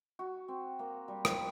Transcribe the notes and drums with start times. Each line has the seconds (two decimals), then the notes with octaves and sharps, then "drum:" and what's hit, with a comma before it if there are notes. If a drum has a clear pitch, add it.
0.19 F#4
0.48 C4
0.79 A#3
1.08 G3
1.25 drum: rim click